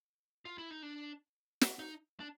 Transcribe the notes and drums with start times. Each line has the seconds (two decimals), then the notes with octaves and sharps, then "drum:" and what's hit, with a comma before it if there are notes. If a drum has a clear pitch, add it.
0.45 F4
0.58 E4
0.71 D#4
0.83 D4
1.61 drum: snare
1.79 D#4
2.20 D4